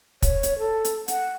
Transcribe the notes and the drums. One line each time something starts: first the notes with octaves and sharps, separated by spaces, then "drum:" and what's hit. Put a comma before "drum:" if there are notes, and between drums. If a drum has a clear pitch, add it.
C#5, drum: kick, hi-hat
drum: hi-hat
A4
drum: hi-hat
F#5, drum: hi-hat